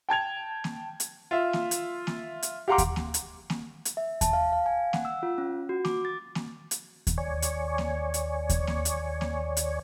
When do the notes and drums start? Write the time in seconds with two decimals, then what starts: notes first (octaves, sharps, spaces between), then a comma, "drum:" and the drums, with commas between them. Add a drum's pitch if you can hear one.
0.09 G5 A5 G#6 F7
0.64 drum: snare A#3
1.00 drum: hi-hat
1.31 F4 E5
1.53 drum: snare A#3
1.71 drum: hi-hat
2.07 drum: snare A#3
2.43 drum: hi-hat
2.68 G4 F5 F#5 A#5 C6 D6
2.78 drum: kick D#2, hi-hat
2.96 drum: snare A#3
3.14 drum: hi-hat
3.50 drum: snare A#3
3.85 drum: hi-hat
3.97 E5
4.21 A5, drum: kick D#2, hi-hat
4.33 F5
4.52 F5
4.66 G#5
4.93 F#5, drum: snare A#3
5.05 E6
5.23 F4
5.38 C#4
5.69 F#4
5.85 D6, drum: snare A#3
6.05 A6
6.35 drum: snare A#3
6.71 drum: hi-hat
7.07 drum: kick D#2, hi-hat
7.18 D#2 C#5 D5 G#5 C#6
7.42 drum: hi-hat
7.78 drum: snare A#3
8.14 drum: hi-hat
8.49 drum: kick D#2, hi-hat
8.67 drum: snare A#3
8.85 drum: hi-hat
9.21 drum: snare A#3
9.57 drum: hi-hat